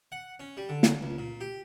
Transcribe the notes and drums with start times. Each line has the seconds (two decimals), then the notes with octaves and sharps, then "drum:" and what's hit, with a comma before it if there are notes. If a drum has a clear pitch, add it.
0.12 F#5
0.40 C#4
0.57 G3
0.69 D3
0.83 drum: snare
1.02 C#2
1.18 A#2
1.41 G4